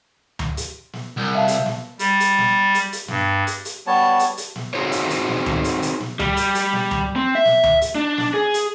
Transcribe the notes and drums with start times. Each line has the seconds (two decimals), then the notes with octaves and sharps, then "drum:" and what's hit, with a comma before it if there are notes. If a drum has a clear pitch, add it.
0.39 drum: tom C#2
0.57 drum: hi-hat
0.93 drum: snare
1.17 C2
1.35 E5 F5 A5
1.48 drum: hi-hat
1.66 drum: snare
1.99 G3, drum: hi-hat
2.20 drum: hi-hat
2.38 drum: snare
2.75 drum: hi-hat
2.93 drum: hi-hat
3.08 G2, drum: snare
3.47 drum: hi-hat
3.65 drum: hi-hat
3.87 G3 B3 C#5 A5
4.19 drum: hi-hat
4.37 drum: hi-hat
4.56 drum: snare
4.74 C4 D#4 F#4 G#4 C5 C#5
4.92 drum: hi-hat
5.10 drum: hi-hat
5.28 drum: snare
5.46 drum: tom C#2
5.64 drum: hi-hat
5.82 drum: hi-hat
6.00 drum: snare
6.20 G3, drum: tom C#2
6.37 drum: hi-hat
6.55 drum: hi-hat
6.73 drum: snare
6.91 drum: tom C#2
7.16 C4
7.35 E5
7.45 drum: snare
7.63 drum: tom C#2
7.82 drum: hi-hat
7.95 D4
8.18 drum: snare
8.34 G#4
8.54 drum: hi-hat